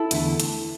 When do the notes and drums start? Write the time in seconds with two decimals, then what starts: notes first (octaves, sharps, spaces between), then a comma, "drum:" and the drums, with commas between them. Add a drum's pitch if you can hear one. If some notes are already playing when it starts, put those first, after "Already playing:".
Already playing: E4 A4
0.11 E2 D3 A3, drum: hi-hat
0.40 drum: hi-hat